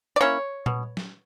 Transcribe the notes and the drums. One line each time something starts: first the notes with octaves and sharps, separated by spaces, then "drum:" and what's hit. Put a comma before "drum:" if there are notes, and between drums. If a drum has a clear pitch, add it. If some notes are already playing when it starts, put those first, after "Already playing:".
D5
A#3 C#4 E4 C#5
B2, drum: tom A#2
drum: snare